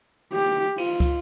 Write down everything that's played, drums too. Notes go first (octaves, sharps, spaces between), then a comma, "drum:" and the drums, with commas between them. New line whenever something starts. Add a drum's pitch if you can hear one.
G4
F4, drum: cymbal
drum: kick